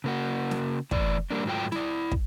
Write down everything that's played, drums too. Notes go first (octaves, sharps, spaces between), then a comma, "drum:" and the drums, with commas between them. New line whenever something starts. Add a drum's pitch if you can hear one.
C#3 A#3 F#4
drum: snare
A2 E3 D5, drum: kick
G3 A#3 D4
G#2 D#3 F#3 A3 F4 G5
E4 D5, drum: snare
drum: kick